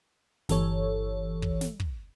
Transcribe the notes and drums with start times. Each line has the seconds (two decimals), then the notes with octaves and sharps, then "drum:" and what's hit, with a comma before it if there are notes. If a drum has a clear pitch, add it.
0.49 G1 E3 A4 C#5, drum: snare
1.42 drum: kick
1.61 drum: snare
1.80 drum: kick